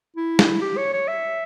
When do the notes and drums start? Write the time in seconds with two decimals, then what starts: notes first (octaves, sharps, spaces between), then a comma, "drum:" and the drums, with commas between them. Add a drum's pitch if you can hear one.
0.16 E4
0.39 drum: snare
0.61 G4
0.77 C#5
0.93 C#5
1.08 E5